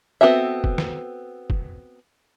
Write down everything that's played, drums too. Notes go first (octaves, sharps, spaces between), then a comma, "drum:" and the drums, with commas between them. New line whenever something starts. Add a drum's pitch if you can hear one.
B3 C4 F#4 A4 E5
drum: kick
drum: snare
drum: kick